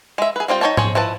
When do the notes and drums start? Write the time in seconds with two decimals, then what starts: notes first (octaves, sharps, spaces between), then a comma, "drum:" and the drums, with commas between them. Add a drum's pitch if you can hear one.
0.18 G#3 E5
0.36 G#4 B4
0.48 G3 C4 F4 G5
0.61 D#4 C5 C#5 G5 A5
0.77 G#4 C5 C#5, drum: tom G#2
0.95 F3 E4 B4 A5